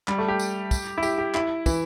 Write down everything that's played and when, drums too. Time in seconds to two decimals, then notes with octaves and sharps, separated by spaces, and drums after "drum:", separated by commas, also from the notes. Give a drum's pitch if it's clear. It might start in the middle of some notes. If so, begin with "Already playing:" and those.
0.08 G3, drum: clap
0.18 A3
0.28 G4
0.39 drum: tambourine
0.71 drum: kick, tambourine
0.98 E4
1.03 G4, drum: tambourine
1.18 G4
1.35 E4, drum: clap
1.66 E3, drum: kick, tambourine